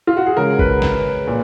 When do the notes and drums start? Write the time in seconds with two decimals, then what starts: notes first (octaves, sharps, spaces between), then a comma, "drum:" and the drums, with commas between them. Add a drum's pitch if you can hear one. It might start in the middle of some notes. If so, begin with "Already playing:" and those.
0.07 F4
0.17 F#4
0.27 G#4
0.37 C#3 G#3 A#4
0.59 B4, drum: kick
0.82 drum: snare
1.27 A#2